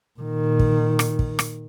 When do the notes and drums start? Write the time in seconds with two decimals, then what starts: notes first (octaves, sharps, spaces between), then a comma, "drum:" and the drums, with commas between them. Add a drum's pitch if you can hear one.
0.20 A#2 D#3
0.59 drum: kick
0.99 drum: rim click
1.19 drum: kick
1.39 drum: rim click